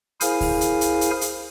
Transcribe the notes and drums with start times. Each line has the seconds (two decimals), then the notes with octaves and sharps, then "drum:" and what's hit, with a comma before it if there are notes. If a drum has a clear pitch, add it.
0.21 E4 G#4 A#4 C5 F5 G#5, drum: hi-hat
0.41 drum: kick C#2, open hi-hat
0.61 drum: hi-hat
0.81 drum: hi-hat
1.01 drum: hi-hat
1.21 drum: hi-hat